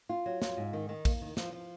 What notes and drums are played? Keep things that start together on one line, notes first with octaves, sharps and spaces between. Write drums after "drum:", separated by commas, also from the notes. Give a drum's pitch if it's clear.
F4
F#3
F4, drum: snare
G#2
D#3
D#3
A#3, drum: kick, cymbal
D#3
F3, drum: snare
F3